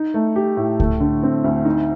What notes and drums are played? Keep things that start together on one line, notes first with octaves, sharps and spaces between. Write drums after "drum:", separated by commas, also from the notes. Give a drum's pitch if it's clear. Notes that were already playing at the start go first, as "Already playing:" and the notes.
Already playing: D#4
A3
G4
A2
A3, drum: kick C#2
D3
C4
D2
D#4